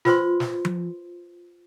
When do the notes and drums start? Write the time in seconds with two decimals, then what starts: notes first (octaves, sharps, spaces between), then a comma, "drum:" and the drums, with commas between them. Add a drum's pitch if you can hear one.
0.05 F4 B4 C5 C6, drum: snare
0.40 drum: snare
0.65 drum: tom F3